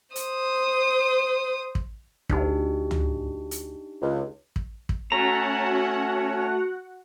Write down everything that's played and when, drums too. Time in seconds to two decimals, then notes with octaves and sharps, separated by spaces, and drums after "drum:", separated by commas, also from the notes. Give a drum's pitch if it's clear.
0.16 C5 D#6, drum: hi-hat
1.75 drum: kick
2.29 D2 D4 D#4 G4, drum: kick
2.91 drum: tom C#2
3.51 drum: hi-hat
4.01 C#2
4.56 drum: kick
4.89 drum: kick
5.12 A3 C#4 F#4 C#5 F#5 A#5